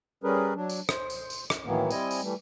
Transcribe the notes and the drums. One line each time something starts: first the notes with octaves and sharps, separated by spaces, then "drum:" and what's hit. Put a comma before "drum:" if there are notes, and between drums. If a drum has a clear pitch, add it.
G3 C#4 G#4 A#4 B4
F#3 D4
drum: tambourine
C5, drum: rim click
drum: tambourine
drum: tambourine
drum: rim click
A2 D#3 E3 F#3 A#3 B3
G3 C4 E4 D#5 G#5, drum: tambourine
drum: tambourine
E3 G3 A3